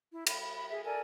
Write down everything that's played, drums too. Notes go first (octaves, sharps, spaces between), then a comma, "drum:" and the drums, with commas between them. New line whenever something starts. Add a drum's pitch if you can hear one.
E4
B5, drum: cymbal
B5
B5
G#4 E5
A4 A#4 D5 G#5